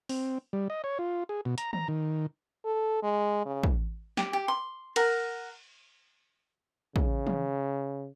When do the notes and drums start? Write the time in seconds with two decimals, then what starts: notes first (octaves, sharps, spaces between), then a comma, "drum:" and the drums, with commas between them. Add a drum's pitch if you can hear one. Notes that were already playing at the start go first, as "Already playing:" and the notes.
0.09 C4, drum: open hi-hat
0.53 G3
0.70 D#5
0.84 C#5
0.99 F4
1.29 G#4
1.45 B2
1.58 A#5, drum: hi-hat
1.73 A#5, drum: tom
1.88 D#3
2.65 A4
3.03 G#3
3.46 C#3
3.63 drum: kick
4.17 G4, drum: snare
4.33 G4
4.48 C6
4.96 A#4 F#5, drum: cymbal
6.96 C#3, drum: kick
7.27 drum: tom